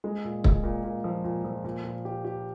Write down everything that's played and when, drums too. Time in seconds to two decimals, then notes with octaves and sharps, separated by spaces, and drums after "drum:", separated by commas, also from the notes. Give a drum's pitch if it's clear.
0.04 G#3
0.24 A#2
0.44 G#3, drum: kick
0.63 A#2
0.84 A#2
1.04 F3
1.24 A#2
1.45 F3
1.64 A#2
1.84 A#2
2.05 G4
2.25 G4